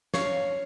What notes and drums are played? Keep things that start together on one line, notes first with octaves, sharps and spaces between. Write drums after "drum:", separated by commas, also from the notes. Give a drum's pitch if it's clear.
C#5 F5, drum: snare